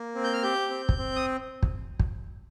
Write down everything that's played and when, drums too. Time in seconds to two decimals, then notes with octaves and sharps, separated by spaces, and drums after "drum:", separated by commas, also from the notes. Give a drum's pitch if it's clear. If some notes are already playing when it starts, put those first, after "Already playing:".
Already playing: A#3
0.15 C4
0.24 G6
0.33 F6
0.43 G4 G6
0.70 C4
0.89 drum: kick
0.98 C4
1.16 D#6
1.63 drum: kick
2.00 drum: kick